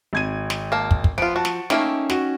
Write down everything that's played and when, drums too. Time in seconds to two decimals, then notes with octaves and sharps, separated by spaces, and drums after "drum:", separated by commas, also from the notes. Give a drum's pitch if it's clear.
0.13 G#1 G#6 D#7
0.50 drum: snare
0.72 A#3 A5
0.91 drum: kick
1.04 drum: kick
1.18 F3 B3 F4 D7
1.36 F#4 A5
1.45 drum: snare
1.70 A3 A#3 C#4 D#4 E4 G5, drum: snare
2.10 F#4, drum: snare